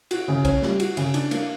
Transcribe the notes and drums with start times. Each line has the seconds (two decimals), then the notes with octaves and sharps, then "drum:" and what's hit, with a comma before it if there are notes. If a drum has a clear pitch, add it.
0.11 F#4, drum: cymbal
0.28 C#3
0.45 C#4, drum: kick, cymbal
0.62 G3, drum: snare
0.80 F#4, drum: cymbal
0.97 C#3, drum: cymbal
1.14 D4, drum: cymbal
1.31 A#3, drum: cymbal